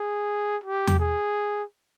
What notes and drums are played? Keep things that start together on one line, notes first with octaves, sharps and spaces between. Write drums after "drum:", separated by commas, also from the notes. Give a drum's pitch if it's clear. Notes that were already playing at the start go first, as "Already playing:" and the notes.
Already playing: G#4
G4
drum: tom E2
G#4